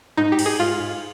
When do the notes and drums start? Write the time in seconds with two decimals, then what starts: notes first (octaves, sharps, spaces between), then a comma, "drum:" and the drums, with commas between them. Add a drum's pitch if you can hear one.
0.17 G#2 D#4
0.32 G4
0.39 G#2, drum: cymbal
0.46 G#4
0.59 G#2 F4
0.80 G#2